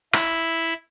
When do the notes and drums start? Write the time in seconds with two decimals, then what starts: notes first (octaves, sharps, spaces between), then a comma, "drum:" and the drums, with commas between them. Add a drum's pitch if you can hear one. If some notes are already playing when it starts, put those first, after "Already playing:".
0.13 E4, drum: rim click